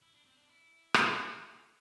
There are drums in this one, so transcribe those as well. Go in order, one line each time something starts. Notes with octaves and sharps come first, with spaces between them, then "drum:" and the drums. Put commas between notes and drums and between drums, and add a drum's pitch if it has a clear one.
E4
D4
C4
D4
E4
drum: rim click